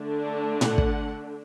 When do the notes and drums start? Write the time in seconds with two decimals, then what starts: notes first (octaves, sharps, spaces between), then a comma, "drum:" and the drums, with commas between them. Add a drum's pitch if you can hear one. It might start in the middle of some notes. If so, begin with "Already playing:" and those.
Already playing: D3 A3 D4
0.24 A4
0.61 F#5, drum: tom A2
0.78 drum: kick